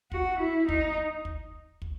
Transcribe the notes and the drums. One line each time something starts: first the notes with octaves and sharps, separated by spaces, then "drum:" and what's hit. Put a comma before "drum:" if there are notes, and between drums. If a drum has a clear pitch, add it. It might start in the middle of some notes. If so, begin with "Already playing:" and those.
F#4, drum: kick
E4
D#4, drum: kick
drum: kick
drum: kick